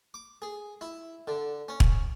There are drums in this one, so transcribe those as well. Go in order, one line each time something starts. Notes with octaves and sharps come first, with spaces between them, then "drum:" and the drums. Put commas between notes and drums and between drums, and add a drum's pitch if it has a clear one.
D6
G#4
E4
D3
C#4
drum: kick